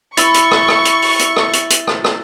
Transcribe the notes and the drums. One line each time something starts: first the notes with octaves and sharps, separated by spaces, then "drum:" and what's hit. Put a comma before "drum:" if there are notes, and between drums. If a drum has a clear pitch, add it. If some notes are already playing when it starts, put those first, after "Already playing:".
E4 C#6 E6 A6, drum: hi-hat
drum: hi-hat
drum: rim click
drum: rim click
drum: hi-hat
drum: open hi-hat
drum: hi-hat
drum: rim click
drum: hi-hat
drum: hi-hat
drum: rim click
drum: rim click